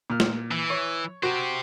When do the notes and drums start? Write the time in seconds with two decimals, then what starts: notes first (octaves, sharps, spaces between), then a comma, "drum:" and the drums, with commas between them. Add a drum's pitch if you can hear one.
0.10 A#2 F6
0.20 drum: snare
0.51 E3
0.70 C#5
1.23 F#4 G4 C5